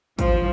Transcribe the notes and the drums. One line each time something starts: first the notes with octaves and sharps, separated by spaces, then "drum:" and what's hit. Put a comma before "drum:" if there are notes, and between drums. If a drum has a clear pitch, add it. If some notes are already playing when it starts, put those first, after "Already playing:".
F3, drum: kick, hi-hat